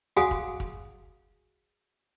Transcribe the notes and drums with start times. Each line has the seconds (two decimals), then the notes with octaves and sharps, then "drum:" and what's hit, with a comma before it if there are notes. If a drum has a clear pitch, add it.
0.17 F#4 G#4 F5 F#5 G#5 D#6, drum: tom C#2
0.31 drum: kick
0.60 drum: kick